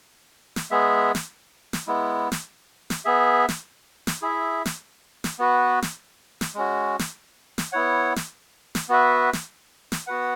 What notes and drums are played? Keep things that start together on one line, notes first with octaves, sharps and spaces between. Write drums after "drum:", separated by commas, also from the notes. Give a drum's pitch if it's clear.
drum: snare
G#3 B3 G#4 E5
drum: snare
drum: snare
G#3 B3 E4
drum: snare
drum: snare
B3 G#4 E5
drum: snare
drum: snare
E4 G#4 E5
drum: snare
drum: snare
B3 F#4 B4
drum: snare
drum: snare
G#3 C#4 F#4
drum: snare
drum: snare
B3 E4 C#5 F#5
drum: snare
drum: snare
B3 F#4 B4 E5
drum: snare
drum: snare
B3 F#4 B4 F#5